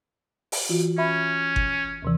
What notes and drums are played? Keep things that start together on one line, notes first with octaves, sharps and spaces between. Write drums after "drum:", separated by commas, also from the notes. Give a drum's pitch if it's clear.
drum: open hi-hat
E3 F4 F#4
C#4 E5 B5
drum: kick G1
D#2 C3 E3